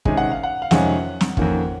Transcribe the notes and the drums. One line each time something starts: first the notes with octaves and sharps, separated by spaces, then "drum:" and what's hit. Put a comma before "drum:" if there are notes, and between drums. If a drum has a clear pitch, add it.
C3 D#3 G#3 C#4 G#5, drum: kick
F#5
F5
F#5
F5
F2 C3 D#3 G#3 C#4 F#5, drum: snare
drum: snare
F2 D#3 A#3 C#4, drum: kick